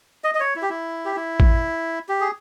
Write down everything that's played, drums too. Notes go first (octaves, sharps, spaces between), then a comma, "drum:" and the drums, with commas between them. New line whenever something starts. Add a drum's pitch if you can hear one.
D#5
D#5
C#5
E4
G4
E4
G4
E4
drum: kick A1
G4
G#4